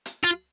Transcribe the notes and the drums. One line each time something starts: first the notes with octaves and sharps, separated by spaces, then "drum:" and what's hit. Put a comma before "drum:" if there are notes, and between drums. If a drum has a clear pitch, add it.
drum: hi-hat
F4